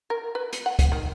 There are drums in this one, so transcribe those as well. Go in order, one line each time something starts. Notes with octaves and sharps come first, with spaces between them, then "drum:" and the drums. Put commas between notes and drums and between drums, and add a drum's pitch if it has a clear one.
A#4
B4
drum: hi-hat
F#5
drum: kick, hi-hat
D#3